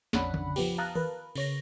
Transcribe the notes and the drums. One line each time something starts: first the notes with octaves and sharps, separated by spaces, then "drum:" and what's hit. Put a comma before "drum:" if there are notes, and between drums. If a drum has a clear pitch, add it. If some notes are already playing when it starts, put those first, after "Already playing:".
A#1 F2 C#4 D4 F#5 B5, drum: snare
drum: tom C#3
F3 B3 G4, drum: cymbal
F5 A5 A#5 D#6 F#6
A#4 B4, drum: tom D#3
C#3 C#5 A#6, drum: cymbal